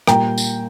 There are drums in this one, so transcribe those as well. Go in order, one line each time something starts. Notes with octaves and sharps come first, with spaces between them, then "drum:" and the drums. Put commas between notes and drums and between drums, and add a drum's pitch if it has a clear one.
A#2 G3 G5 A#5, drum: rim click
drum: tambourine